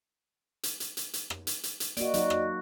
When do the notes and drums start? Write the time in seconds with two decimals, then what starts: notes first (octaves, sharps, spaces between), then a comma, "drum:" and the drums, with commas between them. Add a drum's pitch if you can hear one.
0.63 drum: hi-hat
0.80 drum: hi-hat
0.97 drum: hi-hat
1.13 drum: hi-hat
1.30 drum: rim click
1.47 drum: hi-hat
1.63 drum: hi-hat
1.80 drum: hi-hat
1.97 A#3 F#4 D5 D#5, drum: hi-hat
2.14 F#3 D#4 F#4, drum: hi-hat
2.30 drum: rim click